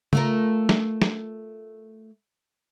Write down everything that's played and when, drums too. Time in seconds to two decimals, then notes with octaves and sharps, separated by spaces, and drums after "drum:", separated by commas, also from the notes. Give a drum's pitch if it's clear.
0.13 A3 F4 A#4, drum: tom C#3
0.69 drum: snare
1.02 drum: snare